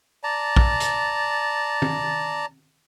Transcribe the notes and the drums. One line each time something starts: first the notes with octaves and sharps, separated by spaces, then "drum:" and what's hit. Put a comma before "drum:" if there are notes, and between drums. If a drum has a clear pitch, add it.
D5 A5 A#5
drum: kick A#1
drum: hi-hat
drum: tom